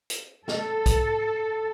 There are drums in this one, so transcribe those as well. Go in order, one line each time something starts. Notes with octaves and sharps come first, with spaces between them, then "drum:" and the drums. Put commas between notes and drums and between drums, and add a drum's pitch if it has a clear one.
drum: hi-hat
A4, drum: snare
drum: kick, hi-hat